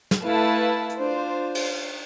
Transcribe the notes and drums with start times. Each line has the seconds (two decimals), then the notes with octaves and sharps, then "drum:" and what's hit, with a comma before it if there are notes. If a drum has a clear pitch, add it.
0.11 drum: snare
0.20 A3 E4 B4 F5 A5
0.90 drum: hi-hat
0.99 D4 F4 C5
1.55 drum: cymbal